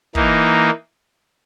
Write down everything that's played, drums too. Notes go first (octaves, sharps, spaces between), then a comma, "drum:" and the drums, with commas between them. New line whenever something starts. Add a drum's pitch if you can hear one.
E3 A#3 D#4, drum: kick